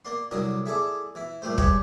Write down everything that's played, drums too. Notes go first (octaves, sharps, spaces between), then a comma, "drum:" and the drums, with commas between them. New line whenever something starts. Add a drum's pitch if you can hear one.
A#3 D5 C6
C2 D3 F#3 A#4 D#5
E4 G#4 A4 D5
E3 E4
A#2 G3 A3 C5
G3 G#3 G4 B4 C#5 D#5, drum: kick